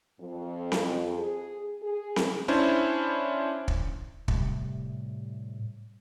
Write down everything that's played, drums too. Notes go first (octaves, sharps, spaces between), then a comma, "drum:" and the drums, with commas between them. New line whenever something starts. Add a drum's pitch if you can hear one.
F2
drum: snare C4
G#4
G#4
drum: snare C4
C#4 D4 E4 C5
drum: kick
A2 C3 G3, drum: kick